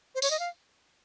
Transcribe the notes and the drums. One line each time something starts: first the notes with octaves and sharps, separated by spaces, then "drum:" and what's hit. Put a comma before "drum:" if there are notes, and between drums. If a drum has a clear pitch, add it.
C5
C#5, drum: tambourine
D#5
F5